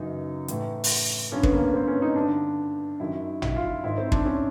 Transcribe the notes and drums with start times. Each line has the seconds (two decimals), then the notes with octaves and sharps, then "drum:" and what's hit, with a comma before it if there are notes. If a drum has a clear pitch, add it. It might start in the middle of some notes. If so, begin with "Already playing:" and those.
Already playing: F#2 C#3 E3 D#4
0.48 A2 E3, drum: hi-hat
0.84 drum: open hi-hat
1.32 G2 D3 C#4
1.43 B3, drum: kick
1.53 A#3
1.74 C4
1.87 C#4
2.02 D#4
2.16 G2 D3 D4
3.00 F#2 D#3 E4
3.42 E4, drum: tom A1
3.56 F4
3.84 G#2 D#3 E4
3.98 C4
4.12 D4, drum: kick
4.26 C#4